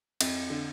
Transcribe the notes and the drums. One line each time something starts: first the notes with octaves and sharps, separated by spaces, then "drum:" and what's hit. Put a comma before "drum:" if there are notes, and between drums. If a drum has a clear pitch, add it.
F2, drum: cymbal
D3